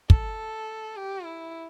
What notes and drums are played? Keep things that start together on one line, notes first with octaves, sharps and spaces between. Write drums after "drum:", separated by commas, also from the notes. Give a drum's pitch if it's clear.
A4, drum: kick
G4
E4